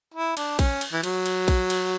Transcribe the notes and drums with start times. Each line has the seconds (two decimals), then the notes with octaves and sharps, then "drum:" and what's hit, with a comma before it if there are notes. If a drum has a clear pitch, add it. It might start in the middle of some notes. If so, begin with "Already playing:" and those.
0.14 E4
0.37 D4, drum: cymbal
0.59 C#4, drum: kick, cymbal
0.81 drum: cymbal
0.93 E3
1.03 F#3, drum: cymbal
1.26 drum: cymbal
1.48 drum: kick, cymbal
1.70 drum: cymbal